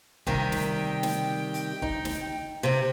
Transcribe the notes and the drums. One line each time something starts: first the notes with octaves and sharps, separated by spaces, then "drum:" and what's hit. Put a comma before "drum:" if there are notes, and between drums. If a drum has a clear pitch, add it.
C3 D#3 G3 G5, drum: kick
drum: snare
drum: snare
drum: hi-hat
D#4, drum: kick
drum: snare
C3 C4